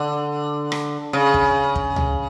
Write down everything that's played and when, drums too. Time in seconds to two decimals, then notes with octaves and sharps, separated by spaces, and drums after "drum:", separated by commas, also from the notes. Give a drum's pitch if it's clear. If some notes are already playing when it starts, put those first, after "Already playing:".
Already playing: D3
0.72 drum: rim click
1.13 C#3
1.34 drum: kick
1.76 drum: kick
1.96 drum: tom C#2